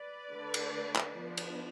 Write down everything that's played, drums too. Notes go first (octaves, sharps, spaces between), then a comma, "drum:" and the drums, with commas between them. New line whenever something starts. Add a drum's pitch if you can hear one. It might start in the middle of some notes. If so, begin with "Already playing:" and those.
Already playing: B4 D5
D3 A3 D4
drum: cymbal
drum: clap
F3 B3 D4
drum: cymbal